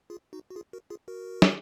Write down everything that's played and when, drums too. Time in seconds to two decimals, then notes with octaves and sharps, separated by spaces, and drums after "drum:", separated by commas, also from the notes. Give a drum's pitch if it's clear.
0.10 F4 G#4
0.33 D#4 F#4
0.50 F#4
0.56 F4 G#4
0.73 F#4 A#4
0.90 F4 G#4
1.08 F#4 A#4
1.42 drum: snare